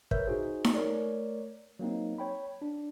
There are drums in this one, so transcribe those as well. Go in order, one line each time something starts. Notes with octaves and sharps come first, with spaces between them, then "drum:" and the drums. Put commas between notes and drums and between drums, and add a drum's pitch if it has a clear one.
A#4 B4 C#5 E5 G6, drum: kick
D#4 F#4 G#4 C5
drum: snare D#4
A3 A#4 C#5 D5
F#3 A#3 C4 D#4
C#5 G5 B5
D4